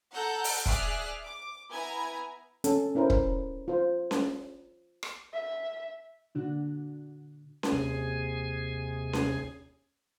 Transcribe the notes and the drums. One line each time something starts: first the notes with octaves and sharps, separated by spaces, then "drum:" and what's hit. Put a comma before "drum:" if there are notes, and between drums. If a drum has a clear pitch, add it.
A4 F#5 A#5 G6
drum: open hi-hat
G#4 D5 E5 F6 F#6 C7, drum: kick
D6
B3 E4 G#5 A#5 G#6
C#4 A4, drum: hi-hat
C#4 E4 A#4 C5
drum: kick
F4 C5
drum: snare C#4
drum: rim click
E5
A#2 D3 D4 F#4
drum: snare C#4
D#2 C3 G#4 G#5
drum: snare C#4